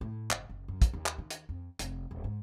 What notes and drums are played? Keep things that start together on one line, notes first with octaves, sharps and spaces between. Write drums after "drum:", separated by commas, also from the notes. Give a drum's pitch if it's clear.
A2
F#1, drum: clap
F#1
F#2
drum: kick, hi-hat
D#2
drum: clap
D#3
drum: hi-hat
F2
F1, drum: hi-hat
D#1
G#2